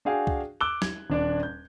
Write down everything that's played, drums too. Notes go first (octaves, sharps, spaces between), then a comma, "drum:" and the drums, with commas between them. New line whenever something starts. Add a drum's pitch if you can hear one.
D4 F#4 G#4 F5 G5 G#5
drum: kick C2
D6 E6 F#6 G7
G#6, drum: snare
D#1 D4 D5
G6